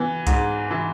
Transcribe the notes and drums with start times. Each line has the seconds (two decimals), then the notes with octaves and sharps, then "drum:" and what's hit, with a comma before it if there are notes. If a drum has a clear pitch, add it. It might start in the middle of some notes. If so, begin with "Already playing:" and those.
Already playing: E3 B3
0.27 G#2, drum: kick C2, hi-hat
0.71 E3